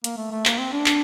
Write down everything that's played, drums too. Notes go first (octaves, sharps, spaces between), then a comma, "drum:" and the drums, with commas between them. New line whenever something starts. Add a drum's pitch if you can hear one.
A#3, drum: hi-hat
A3
A3
A#3, drum: clap
C4
D4
drum: clap